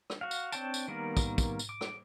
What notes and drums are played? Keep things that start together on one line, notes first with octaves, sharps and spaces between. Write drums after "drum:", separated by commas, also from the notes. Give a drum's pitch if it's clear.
drum: rim click
F#4 F5
drum: tambourine
C4 D4 C#5 G5 A5, drum: tambourine
drum: tambourine
D#3 G3 A#3 B3 A#4
drum: kick, tambourine
drum: kick, tambourine
drum: tambourine
D6
drum: rim click